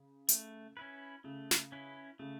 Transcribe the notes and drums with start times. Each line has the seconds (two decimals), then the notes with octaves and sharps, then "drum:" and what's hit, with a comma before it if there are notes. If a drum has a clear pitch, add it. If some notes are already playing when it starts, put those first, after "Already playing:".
Already playing: C#3
0.29 A3, drum: hi-hat
0.77 C#4 E4 B4
1.24 C#3 A3
1.51 drum: snare
1.72 C#4 E4 B4
2.19 C#3 A3